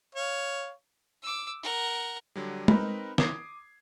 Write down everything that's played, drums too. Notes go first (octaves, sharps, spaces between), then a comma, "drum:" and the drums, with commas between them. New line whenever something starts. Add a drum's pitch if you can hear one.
C#5 F5
D6 E6
A#4 F#5
D3 F#3 G3
C4 D#4 A#4 B4 A#5 B5, drum: tom G#3
D6 D#6 G#6 C7, drum: snare